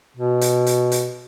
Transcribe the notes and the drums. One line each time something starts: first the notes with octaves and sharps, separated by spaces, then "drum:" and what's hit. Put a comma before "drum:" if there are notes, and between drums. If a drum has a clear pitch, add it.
B2
drum: hi-hat
drum: hi-hat
drum: hi-hat